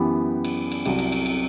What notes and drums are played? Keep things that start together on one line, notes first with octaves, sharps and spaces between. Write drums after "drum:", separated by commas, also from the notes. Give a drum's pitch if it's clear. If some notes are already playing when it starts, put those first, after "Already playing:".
Already playing: F#2 E3 B3 E4 G4
drum: cymbal
drum: cymbal
C2 C3 F#3, drum: cymbal
drum: cymbal
drum: cymbal
drum: cymbal